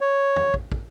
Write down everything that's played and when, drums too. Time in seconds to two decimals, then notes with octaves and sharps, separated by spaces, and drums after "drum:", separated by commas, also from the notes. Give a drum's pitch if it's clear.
0.01 C#5
0.36 drum: tom
0.54 drum: kick
0.72 drum: kick